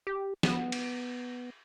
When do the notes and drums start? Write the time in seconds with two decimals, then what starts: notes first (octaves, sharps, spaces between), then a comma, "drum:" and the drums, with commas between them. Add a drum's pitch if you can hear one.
0.07 G4
0.43 B3, drum: snare
0.72 drum: cymbal